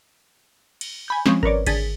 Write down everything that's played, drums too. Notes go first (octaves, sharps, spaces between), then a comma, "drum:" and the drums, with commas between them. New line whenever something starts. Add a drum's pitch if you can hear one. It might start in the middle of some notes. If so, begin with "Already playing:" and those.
drum: cymbal
G#5 B5 G6
F3 G#3 C4 C#4, drum: snare
A#4 B4 C#5 D5, drum: kick G#1
D3 G#4 A6 B6, drum: kick G#1, cymbal